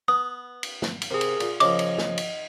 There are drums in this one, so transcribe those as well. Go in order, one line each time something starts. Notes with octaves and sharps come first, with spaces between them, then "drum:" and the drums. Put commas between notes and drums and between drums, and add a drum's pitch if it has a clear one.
B3 D#6
drum: cymbal
drum: snare
drum: cymbal
C3 G#4 A#4
drum: cymbal
A#2, drum: cymbal
C#3 F3 A#3 D#5 D6, drum: cymbal
drum: cymbal
drum: snare
drum: cymbal